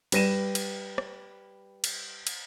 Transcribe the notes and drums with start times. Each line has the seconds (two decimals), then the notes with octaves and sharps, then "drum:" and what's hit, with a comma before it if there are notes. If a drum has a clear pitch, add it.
0.12 G3 B4 A#6 D#7 E7, drum: cymbal
0.55 drum: cymbal
0.98 drum: rim click
1.84 drum: cymbal
2.27 drum: cymbal